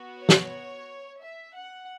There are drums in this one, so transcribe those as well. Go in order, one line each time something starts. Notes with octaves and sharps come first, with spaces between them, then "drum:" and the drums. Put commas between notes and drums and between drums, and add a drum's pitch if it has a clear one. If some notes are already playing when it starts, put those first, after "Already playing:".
Already playing: B3 F#4
C#5
drum: snare
E5
F#5